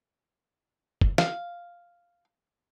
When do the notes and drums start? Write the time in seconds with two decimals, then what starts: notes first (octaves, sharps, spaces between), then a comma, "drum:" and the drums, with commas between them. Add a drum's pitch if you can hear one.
1.01 drum: kick
1.18 F5, drum: snare